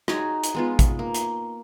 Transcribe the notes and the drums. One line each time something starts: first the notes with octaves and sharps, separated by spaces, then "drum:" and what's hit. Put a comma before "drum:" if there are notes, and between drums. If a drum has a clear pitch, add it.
D#4 F#4 G#4 C#5, drum: rim click
drum: hi-hat
G#3 B3 F4
drum: kick A1, hi-hat
A#3
drum: hi-hat